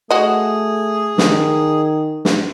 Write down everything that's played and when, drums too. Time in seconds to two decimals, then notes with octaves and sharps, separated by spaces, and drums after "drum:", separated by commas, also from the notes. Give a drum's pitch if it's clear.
0.11 A3 F#4 G#4 D#5
1.18 D#3, drum: snare
2.25 drum: snare